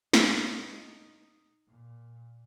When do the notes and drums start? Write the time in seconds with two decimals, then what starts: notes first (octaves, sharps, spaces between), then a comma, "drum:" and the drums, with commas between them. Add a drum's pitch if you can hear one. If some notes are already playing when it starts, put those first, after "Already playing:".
0.13 D#4, drum: snare
1.68 A#2